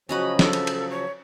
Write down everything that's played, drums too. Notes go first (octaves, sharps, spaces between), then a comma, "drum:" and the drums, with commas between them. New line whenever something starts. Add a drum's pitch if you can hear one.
C#3 F3 F#3 C#4 F#4 D#5 B5
A4, drum: snare
drum: cymbal
drum: cymbal
C#5